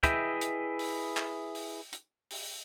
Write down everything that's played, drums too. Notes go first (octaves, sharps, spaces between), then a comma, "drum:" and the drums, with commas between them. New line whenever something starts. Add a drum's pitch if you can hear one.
E4 G#4 B4 D#5 E5 G5, drum: kick, hi-hat
drum: hi-hat
drum: open hi-hat
drum: clap
drum: open hi-hat
drum: hi-hat
drum: open hi-hat